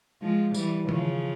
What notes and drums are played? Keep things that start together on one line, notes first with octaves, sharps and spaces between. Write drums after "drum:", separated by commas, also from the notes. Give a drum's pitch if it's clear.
F3 G#3
E3 G3, drum: tambourine
C#3 F3, drum: tom D#3